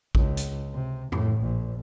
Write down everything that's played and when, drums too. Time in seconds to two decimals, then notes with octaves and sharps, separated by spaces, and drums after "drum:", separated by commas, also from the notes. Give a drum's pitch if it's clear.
0.15 C#2, drum: kick A1
0.37 drum: hi-hat
0.74 C3
1.12 A2, drum: tom F2
1.42 A#1